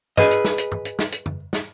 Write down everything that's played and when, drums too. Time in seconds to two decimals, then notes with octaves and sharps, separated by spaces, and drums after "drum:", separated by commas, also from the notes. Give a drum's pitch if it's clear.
0.17 G#4 B4 D#5, drum: tom
0.31 drum: hi-hat
0.45 drum: snare
0.58 drum: hi-hat
0.72 drum: tom
0.85 drum: hi-hat
0.99 drum: snare
1.12 drum: hi-hat
1.26 drum: tom
1.53 drum: snare